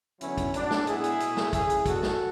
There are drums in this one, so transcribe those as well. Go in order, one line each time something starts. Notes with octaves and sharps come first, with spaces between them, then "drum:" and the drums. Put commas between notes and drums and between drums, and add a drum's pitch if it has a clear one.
E2 D3 F#3 B3 C#4 E4, drum: hi-hat
drum: kick, hi-hat
A2 F#3 B3 D4, drum: hi-hat
drum: snare
A2 G#3 B3 E4 G#4, drum: hi-hat
drum: hi-hat
B2 A3, drum: hi-hat
drum: snare
C#3 E3 A3 E4 G#4, drum: kick, hi-hat
drum: hi-hat
E2 D3 G#3 B3 F#4 A4, drum: kick, hi-hat
drum: snare